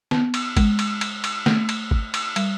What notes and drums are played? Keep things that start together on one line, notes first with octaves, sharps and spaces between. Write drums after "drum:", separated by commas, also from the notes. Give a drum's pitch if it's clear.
B3, drum: snare
drum: cymbal
G#3, drum: kick G#1, cymbal
drum: cymbal
drum: cymbal
drum: cymbal
A3, drum: snare
drum: cymbal
drum: kick G#1
drum: cymbal
G3, drum: cymbal